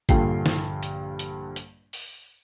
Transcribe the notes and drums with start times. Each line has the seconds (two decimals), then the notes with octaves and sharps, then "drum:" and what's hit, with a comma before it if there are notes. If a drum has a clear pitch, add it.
0.09 A#1 G2 D3 F4 G5 C7, drum: kick, hi-hat
0.46 drum: snare
0.83 drum: hi-hat
1.19 drum: hi-hat
1.56 drum: hi-hat
1.93 drum: open hi-hat